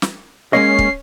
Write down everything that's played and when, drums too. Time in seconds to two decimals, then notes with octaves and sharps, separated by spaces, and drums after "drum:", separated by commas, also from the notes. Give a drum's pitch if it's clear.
0.02 drum: snare
0.53 G#3 A#3 C#4 D#5 C7
0.79 drum: kick